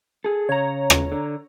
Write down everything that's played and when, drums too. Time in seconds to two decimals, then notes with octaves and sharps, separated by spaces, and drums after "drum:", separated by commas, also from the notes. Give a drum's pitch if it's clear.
0.25 G#4 A4
0.49 C#3 C#5 A#5
0.90 drum: rim click
1.12 D3